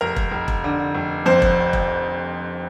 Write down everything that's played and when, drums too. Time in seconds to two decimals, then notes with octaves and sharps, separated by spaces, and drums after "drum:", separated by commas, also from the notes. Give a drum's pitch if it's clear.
0.01 F1 A#4
0.16 drum: kick E1
0.32 F1
0.48 drum: kick E1
0.64 D3
0.95 F1
1.26 F2 C5
1.42 drum: kick E1
1.73 drum: kick E1